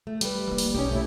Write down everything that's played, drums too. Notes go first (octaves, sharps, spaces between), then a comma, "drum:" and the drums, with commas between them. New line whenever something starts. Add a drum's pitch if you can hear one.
A3
G3 B4, drum: hi-hat
E3 A#3
drum: open hi-hat
B1 C#4 D#4 G4
A3 E4